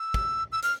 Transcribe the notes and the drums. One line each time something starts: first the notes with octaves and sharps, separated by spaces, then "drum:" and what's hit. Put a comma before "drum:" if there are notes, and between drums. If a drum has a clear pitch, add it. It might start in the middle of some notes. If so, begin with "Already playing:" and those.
Already playing: E6
drum: kick
E6
F6, drum: hi-hat